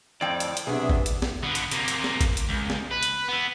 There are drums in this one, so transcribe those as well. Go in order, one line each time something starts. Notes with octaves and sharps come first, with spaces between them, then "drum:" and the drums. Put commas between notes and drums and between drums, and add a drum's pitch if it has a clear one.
F2 A2 D5 G5
drum: hi-hat
drum: hi-hat
B1 C3 B3 D4 G#4 E5
drum: kick
drum: hi-hat
drum: snare B3
D3 B3
drum: hi-hat
C3 A#3, drum: hi-hat
drum: hi-hat
drum: snare B3
drum: kick, hi-hat
drum: hi-hat
C#2
drum: snare B3
B4
drum: hi-hat
B3 E4